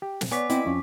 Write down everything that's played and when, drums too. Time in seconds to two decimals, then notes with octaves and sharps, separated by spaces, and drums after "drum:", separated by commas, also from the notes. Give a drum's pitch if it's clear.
0.02 G4
0.21 drum: snare
0.31 B3 C#5 G#5 D6 B6
0.50 C4 E4 D#5, drum: hi-hat
0.66 F2 C#4